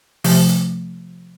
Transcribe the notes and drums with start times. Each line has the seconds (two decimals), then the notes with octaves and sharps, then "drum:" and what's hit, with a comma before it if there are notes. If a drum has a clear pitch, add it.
0.24 C3 F3 A3, drum: open hi-hat
0.49 drum: hi-hat